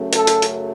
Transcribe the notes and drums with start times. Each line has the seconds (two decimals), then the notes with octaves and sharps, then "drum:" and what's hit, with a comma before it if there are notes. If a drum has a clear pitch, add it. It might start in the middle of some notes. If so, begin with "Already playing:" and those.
Already playing: F#2 C#3 F#3 A3
0.13 A4, drum: hi-hat
0.27 drum: hi-hat
0.42 drum: hi-hat